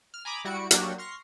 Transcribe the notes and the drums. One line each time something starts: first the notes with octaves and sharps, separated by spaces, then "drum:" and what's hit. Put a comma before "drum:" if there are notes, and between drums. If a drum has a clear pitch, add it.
F6
G#5 A#5 B5 D6 D#6
G3 E4 F#4 C#7 D7
F#3 A#3 D4 F#4 G4, drum: hi-hat
C6 C#6 F6 A#6 C7